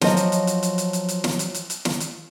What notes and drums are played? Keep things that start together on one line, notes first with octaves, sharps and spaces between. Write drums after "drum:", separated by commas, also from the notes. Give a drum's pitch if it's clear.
F3 F#3 D#5, drum: snare
drum: hi-hat
drum: hi-hat
drum: hi-hat
drum: hi-hat
drum: hi-hat
drum: hi-hat
drum: hi-hat
drum: snare
drum: hi-hat
drum: hi-hat
drum: hi-hat
drum: snare
drum: hi-hat